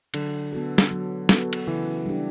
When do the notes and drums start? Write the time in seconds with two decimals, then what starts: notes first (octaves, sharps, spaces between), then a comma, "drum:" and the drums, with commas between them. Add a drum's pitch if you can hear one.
0.14 D3 F#3, drum: cymbal
0.53 B3 F#4 A4
0.78 drum: snare
0.91 F#3
1.29 B3 F#4 A4, drum: snare
1.53 drum: cymbal
1.67 C#3 E3
2.06 G3 D4 G4